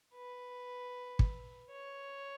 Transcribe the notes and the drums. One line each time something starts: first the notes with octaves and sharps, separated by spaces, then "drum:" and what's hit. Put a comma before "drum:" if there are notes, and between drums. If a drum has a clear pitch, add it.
B4
drum: kick
C#5